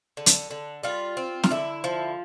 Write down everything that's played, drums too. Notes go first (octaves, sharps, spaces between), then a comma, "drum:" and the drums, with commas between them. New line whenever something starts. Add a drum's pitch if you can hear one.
D3
drum: hi-hat
D3
G3 F4
C4
F4, drum: snare
D3 E4
F3